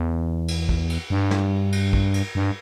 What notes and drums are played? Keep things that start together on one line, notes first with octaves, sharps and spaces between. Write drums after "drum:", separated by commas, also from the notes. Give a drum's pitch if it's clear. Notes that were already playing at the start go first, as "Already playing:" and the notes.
Already playing: E2
drum: cymbal
drum: kick
drum: cymbal
G2
drum: snare
drum: cymbal
drum: kick
drum: cymbal
G2